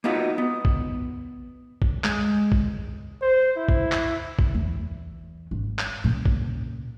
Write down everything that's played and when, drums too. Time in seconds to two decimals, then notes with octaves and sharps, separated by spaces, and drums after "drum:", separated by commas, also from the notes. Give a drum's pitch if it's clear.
0.04 A#3 B3 D#4 F4 F#4
0.38 B3
0.65 drum: kick
1.82 drum: kick
2.04 G#3, drum: clap
2.52 drum: kick
3.22 C5
3.57 E4
3.69 drum: kick
3.92 drum: clap
4.39 drum: kick
4.54 E2
5.51 G#1
5.79 drum: clap
6.04 A#2 C#3
6.26 drum: kick